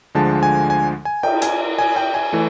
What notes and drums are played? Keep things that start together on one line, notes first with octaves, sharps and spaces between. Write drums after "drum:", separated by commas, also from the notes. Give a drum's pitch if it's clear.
D2 D3 F3 G#3 A5
G#5
G#5
G#5
G5, drum: cymbal
G#5, drum: hi-hat
G#5
G5
G#5
E3 A3